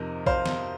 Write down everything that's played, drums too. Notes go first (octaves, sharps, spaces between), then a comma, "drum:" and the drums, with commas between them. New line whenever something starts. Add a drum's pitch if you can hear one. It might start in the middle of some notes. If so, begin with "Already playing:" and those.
Already playing: F2 C3 F3 D#4 A#4 D#5
C5 F5, drum: kick A#1
drum: snare